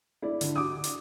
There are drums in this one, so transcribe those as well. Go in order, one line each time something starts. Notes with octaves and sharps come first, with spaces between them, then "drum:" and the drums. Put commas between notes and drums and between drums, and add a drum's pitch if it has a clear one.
E4 D5
D3, drum: hi-hat
F#4 D6 D#6
drum: hi-hat